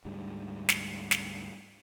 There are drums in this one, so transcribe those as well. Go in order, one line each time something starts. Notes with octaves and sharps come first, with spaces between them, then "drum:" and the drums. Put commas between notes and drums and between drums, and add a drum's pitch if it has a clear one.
D2 G#2 G3 G#3
drum: snare
drum: snare